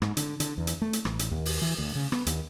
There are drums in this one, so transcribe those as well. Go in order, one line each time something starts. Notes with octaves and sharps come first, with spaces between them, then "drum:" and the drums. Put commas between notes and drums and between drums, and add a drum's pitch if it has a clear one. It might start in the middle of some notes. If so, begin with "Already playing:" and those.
G#2, drum: rim click
D3, drum: hi-hat
D3, drum: hi-hat
E2
drum: hi-hat
A3
drum: hi-hat
A1, drum: rim click
drum: hi-hat
D#2
drum: open hi-hat
E3
D2
C#3
B3, drum: rim click
D#2, drum: hi-hat